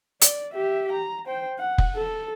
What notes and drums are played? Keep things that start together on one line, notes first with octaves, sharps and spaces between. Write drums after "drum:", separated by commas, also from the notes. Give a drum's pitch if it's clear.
D5, drum: hi-hat
G4 E5
A#5
C5 G5
F#5
drum: kick F1
A4